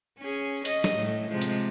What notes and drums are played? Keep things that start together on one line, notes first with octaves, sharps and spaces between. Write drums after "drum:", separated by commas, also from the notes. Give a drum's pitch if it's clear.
C#4 G#4
C#4 D#5, drum: hi-hat
drum: snare
A2
C3 F3 G#3
drum: hi-hat